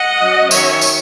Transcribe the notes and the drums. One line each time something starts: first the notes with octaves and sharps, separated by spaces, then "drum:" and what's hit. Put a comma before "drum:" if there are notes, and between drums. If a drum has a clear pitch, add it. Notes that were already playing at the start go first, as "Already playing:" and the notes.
Already playing: D#5 F#5
F#3 C#4
D#3 F#3 C#4 C#5 E5, drum: tambourine
drum: tambourine